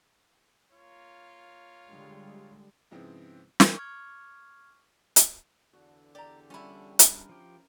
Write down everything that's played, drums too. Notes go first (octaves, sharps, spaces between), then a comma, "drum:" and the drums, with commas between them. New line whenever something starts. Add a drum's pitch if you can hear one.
A#3 F4 C#5
D3 G3 G#3
G#2 C#3 F3 B3 C4 E4
drum: snare
C#6 D6 F6 G#6
drum: hi-hat
E2 D3 F#4
G4 D5 A#5
G3 C#4 E4 F4 F#5 B5
D4 A#4 A5 B5, drum: hi-hat
F3 G4